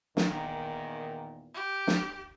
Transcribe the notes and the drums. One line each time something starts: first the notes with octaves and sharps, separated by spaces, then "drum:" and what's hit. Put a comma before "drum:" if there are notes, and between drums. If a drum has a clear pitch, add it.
E2 A#2 D#3, drum: snare
G4
drum: snare